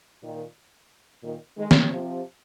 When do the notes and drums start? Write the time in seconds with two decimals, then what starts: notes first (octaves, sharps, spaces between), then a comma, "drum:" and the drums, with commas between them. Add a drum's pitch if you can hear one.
0.22 A#2 D#3
1.23 A#2 D#3
1.57 D#3 G#3
1.71 drum: snare
1.90 C3 F3